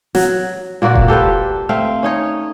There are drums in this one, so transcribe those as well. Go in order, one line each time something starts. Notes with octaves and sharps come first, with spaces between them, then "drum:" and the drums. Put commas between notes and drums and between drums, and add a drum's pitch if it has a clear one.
F#3, drum: snare
A#2 A#3 F#4 D5
drum: kick E1
G4 A4 B4 C5
A3 C4 F5
C#4 D#4 C#5